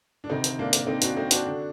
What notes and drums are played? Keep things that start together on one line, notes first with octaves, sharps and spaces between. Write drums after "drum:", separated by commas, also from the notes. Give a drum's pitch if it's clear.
D4
D2 C3 D#3 C4 D#4
drum: hi-hat
A#3 D4
drum: hi-hat
C4 D#4
D4 F#4, drum: hi-hat
C4 D#4
D4 F#4, drum: hi-hat
D3